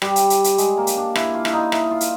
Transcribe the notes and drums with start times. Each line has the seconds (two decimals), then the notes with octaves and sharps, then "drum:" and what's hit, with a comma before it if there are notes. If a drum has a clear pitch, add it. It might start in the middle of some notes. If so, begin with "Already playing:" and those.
0.02 G3, drum: rim click
0.16 drum: hi-hat
0.30 drum: hi-hat
0.44 drum: hi-hat
0.58 G#3, drum: hi-hat
0.78 A#3
0.87 drum: hi-hat
0.97 D4
1.16 E4, drum: rim click
1.34 F4
1.45 E4, drum: rim click
1.53 D#4
1.72 E4, drum: rim click
1.91 F4
2.01 drum: hi-hat